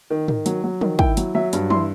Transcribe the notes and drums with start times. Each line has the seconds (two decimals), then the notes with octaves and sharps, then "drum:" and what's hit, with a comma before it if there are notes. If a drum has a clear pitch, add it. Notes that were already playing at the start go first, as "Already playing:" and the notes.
0.10 D#3
0.28 D#3, drum: tom
0.46 F#3, drum: hi-hat
0.64 F#3
0.81 D#3, drum: tom
0.99 E4 G5, drum: kick
1.17 F#3, drum: hi-hat
1.35 F#3 E5
1.53 G2, drum: hi-hat
1.70 E4 C6, drum: tom